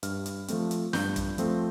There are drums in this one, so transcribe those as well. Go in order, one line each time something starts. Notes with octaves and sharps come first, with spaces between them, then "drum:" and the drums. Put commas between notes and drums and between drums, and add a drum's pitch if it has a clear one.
G2 F6, drum: hi-hat
drum: hi-hat
F3 A3 C4, drum: hi-hat
drum: hi-hat
G2 G6, drum: snare
drum: kick, hi-hat
F3 A3 C4, drum: hi-hat